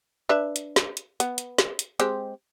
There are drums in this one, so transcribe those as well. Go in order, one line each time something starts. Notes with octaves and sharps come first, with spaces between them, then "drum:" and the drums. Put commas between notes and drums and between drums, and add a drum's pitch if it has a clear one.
D4 B4 E5
drum: hi-hat
drum: snare
drum: hi-hat
B3, drum: hi-hat
drum: hi-hat
drum: snare
drum: hi-hat
G#3 C4 G4, drum: hi-hat